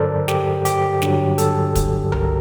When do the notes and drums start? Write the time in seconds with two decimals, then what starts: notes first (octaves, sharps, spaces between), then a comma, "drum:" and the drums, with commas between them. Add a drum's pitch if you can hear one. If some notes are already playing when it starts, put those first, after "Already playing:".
Already playing: G2 D3 F#3 A4 A#4 C5 D5
0.28 G4, drum: snare
0.65 G4, drum: hi-hat
1.02 G2 D3 F#3, drum: snare
1.38 A4, drum: hi-hat
1.75 drum: kick, hi-hat
2.12 A#4, drum: tom C2